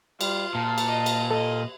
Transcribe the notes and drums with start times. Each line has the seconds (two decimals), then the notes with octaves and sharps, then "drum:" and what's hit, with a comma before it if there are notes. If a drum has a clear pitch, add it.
0.21 G3 F4, drum: cymbal
0.55 A#2 A5
0.78 drum: cymbal
0.88 D#5
1.06 drum: cymbal
1.31 A4 D#5